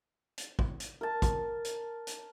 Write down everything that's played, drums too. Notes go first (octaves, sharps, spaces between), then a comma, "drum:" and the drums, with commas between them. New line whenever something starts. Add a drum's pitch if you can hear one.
drum: hi-hat
drum: kick
drum: hi-hat
A#4 A5
drum: kick, hi-hat
drum: hi-hat
drum: hi-hat